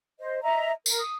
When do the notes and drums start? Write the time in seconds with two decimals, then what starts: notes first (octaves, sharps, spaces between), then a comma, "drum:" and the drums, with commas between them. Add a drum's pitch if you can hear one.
0.20 C5 D#5
0.42 D#5 E5 A#5
0.86 A#4, drum: tambourine
1.00 D#6